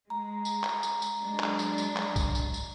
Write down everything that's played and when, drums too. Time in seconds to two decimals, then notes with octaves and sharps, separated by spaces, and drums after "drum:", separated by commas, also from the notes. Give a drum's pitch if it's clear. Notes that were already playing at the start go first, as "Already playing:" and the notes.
0.10 G#3 A#5
0.45 drum: tambourine
0.64 drum: clap
0.83 drum: tambourine
1.02 drum: tambourine
1.21 F#3 G#3 D4
1.40 drum: clap
1.59 drum: tambourine
1.78 drum: tambourine
1.97 drum: clap
2.16 drum: kick B1, tambourine
2.35 drum: tambourine
2.54 drum: tambourine